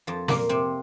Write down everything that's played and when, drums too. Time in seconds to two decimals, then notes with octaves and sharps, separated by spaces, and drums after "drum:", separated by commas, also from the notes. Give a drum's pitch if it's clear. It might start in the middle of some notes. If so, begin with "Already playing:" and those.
0.07 F2 F3
0.28 A#2 A#3, drum: snare
0.49 C3 C4